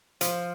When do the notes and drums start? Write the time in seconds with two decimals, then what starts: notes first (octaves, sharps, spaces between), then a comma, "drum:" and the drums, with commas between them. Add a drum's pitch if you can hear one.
0.21 F3, drum: hi-hat